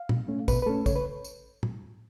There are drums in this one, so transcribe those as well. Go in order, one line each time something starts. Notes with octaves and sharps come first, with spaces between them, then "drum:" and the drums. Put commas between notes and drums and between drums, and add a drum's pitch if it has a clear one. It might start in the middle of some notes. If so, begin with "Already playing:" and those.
Already playing: F5
B2, drum: tom
A3 C#4
B2 B4, drum: kick, tambourine
B4
A3 C#4 A4
C#3 C#5, drum: kick, tambourine
B4
drum: tambourine
drum: tom